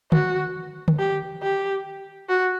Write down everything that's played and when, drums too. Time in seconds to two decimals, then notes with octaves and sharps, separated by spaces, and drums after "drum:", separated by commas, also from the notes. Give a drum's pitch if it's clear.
0.12 F#4, drum: tom D3
0.88 drum: tom D3
0.99 G4
1.43 G4
2.30 F#4